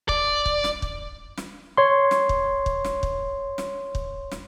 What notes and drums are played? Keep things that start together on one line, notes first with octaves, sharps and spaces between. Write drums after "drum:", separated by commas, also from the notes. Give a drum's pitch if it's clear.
D5, drum: kick
drum: kick
drum: snare
drum: kick
drum: snare
C#5 C6
drum: snare
drum: kick
drum: kick
drum: snare
drum: kick
drum: snare
drum: kick
drum: snare